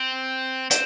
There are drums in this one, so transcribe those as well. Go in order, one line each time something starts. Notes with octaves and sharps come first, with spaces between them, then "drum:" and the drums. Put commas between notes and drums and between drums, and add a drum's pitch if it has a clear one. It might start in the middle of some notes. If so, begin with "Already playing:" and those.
Already playing: C4
C4, drum: hi-hat